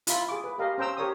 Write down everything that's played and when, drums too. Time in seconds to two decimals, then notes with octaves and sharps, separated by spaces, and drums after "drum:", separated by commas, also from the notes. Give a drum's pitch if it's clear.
0.07 E4 F4 B5, drum: hi-hat
0.29 G#4 D6
0.44 B4
0.58 G4 A#4 D#5 F5
0.78 C#4 C5 G5 A#5 E6
0.97 G4 A#4 C#5 D#6